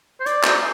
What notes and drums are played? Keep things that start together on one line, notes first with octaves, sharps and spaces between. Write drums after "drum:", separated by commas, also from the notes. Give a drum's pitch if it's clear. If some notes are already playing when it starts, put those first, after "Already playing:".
C5
D5, drum: hi-hat
C5, drum: clap